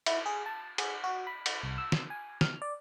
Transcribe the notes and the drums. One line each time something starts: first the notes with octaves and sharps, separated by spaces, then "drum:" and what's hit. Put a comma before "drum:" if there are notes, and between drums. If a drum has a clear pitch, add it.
E4, drum: cymbal
G#4
A5
G#4, drum: cymbal
F#4
B5
drum: cymbal
C2
E6
drum: snare
G#5
F6, drum: snare
D5